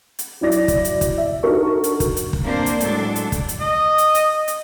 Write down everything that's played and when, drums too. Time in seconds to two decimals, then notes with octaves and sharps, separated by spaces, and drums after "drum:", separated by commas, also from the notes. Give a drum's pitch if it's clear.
0.19 drum: hi-hat
0.41 F#3 E4 D5 A#6
0.52 drum: hi-hat
0.68 drum: kick, hi-hat
0.85 drum: hi-hat
1.01 drum: kick, hi-hat
1.18 E5
1.43 D4 D#4 F#4 A4 A#4 C#6
1.84 drum: hi-hat
2.00 drum: kick, hi-hat
2.17 drum: hi-hat
2.33 drum: kick
2.43 A#3 C4 D4 A#4 C5
2.66 drum: hi-hat
2.80 A2 F#3 G#3 D4 A4, drum: hi-hat
3.16 drum: hi-hat
3.32 drum: kick, hi-hat
3.49 drum: hi-hat
3.61 D#5
3.98 drum: hi-hat
4.15 drum: hi-hat
4.48 drum: hi-hat